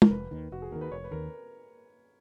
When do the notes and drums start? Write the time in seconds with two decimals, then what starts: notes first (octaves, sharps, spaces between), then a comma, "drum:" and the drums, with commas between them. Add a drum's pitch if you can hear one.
0.02 A#4, drum: tom
0.11 F1 B4
0.31 D#2 D#3
0.52 F1 F#4
0.62 G#4
0.71 D#2 D#3 A#4
0.81 B4
0.91 F1 C#5
1.04 B4
1.11 D#2 D#3 A#4